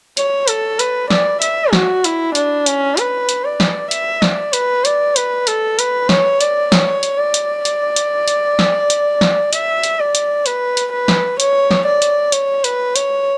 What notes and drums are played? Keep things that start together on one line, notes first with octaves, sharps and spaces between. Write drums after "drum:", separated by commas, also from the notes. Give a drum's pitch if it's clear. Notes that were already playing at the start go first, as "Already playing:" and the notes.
C#5, drum: hi-hat
A4, drum: hi-hat
B4, drum: hi-hat
D5, drum: snare
E5, drum: hi-hat
F#4, drum: snare
E4, drum: hi-hat
D4, drum: hi-hat
C#4, drum: hi-hat
B4, drum: hi-hat
drum: hi-hat
D5
drum: snare
E5, drum: hi-hat
D5, drum: snare
B4, drum: hi-hat
D5, drum: hi-hat
B4, drum: hi-hat
A4, drum: hi-hat
B4, drum: hi-hat
C#5, drum: snare
D5, drum: hi-hat
C#5, drum: snare
drum: hi-hat
D5
drum: hi-hat
drum: hi-hat
drum: hi-hat
drum: hi-hat
drum: snare
drum: hi-hat
drum: snare
E5, drum: hi-hat
drum: hi-hat
D5
drum: hi-hat
B4, drum: hi-hat
drum: hi-hat
B4
drum: snare
C#5, drum: hi-hat
drum: snare
D5
drum: hi-hat
C#5, drum: hi-hat
B4, drum: hi-hat
C#5, drum: hi-hat